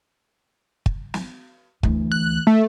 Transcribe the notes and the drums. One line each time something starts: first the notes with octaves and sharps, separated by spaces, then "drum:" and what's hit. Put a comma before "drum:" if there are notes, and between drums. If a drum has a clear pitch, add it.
drum: kick
drum: snare
D2 E3, drum: kick
F#6
A3